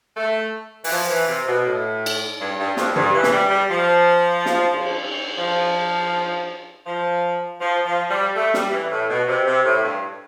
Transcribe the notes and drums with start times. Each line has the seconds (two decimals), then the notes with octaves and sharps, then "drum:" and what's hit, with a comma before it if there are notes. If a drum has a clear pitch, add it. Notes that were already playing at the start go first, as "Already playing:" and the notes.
0.17 A3
0.84 E3, drum: open hi-hat
0.91 F3
1.09 E3
1.28 C3
1.47 B2
1.65 A2
2.06 drum: cymbal
2.40 G2
2.58 G2
2.77 F2, drum: snare
2.96 G2, drum: tom
3.14 E3
3.23 drum: snare
3.32 G3
3.51 G3
3.70 F3
4.46 drum: snare
4.73 drum: cymbal
5.38 F3
6.86 F3
7.60 F3
7.85 F3
8.09 G3
8.35 A3
8.54 G3, drum: snare
8.71 E3
8.90 A2
9.09 B2
9.28 C3
9.46 C3
9.65 A2
9.84 G2